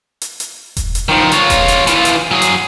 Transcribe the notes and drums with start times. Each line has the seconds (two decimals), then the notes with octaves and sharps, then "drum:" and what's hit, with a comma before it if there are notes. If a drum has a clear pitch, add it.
0.21 drum: hi-hat
0.40 drum: hi-hat
0.77 drum: kick E1, hi-hat
0.95 drum: hi-hat
1.09 D#3 F3
1.32 F4 C#5, drum: hi-hat
1.50 drum: kick E1, hi-hat
1.68 drum: hi-hat
1.87 E3 F4, drum: hi-hat
2.05 drum: hi-hat
2.31 F#3 G#4
2.42 drum: hi-hat